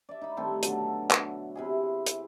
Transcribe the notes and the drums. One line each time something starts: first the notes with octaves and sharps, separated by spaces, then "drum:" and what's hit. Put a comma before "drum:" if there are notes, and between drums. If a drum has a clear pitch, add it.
D5 E5
D#4 B5
D#3 G3 A3 C4
B2 D3 F#3, drum: hi-hat
drum: clap
C3 E4 G#4
drum: hi-hat